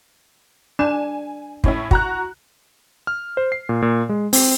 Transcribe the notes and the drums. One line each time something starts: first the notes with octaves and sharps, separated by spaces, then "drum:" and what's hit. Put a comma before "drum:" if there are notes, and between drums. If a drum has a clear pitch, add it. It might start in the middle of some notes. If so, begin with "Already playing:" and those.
D4 G#5 E7
A2 C#4 E4, drum: kick
F#4 A#5 F#6, drum: kick
F6
C5
C7
A#2
A#2
G#3
C4, drum: open hi-hat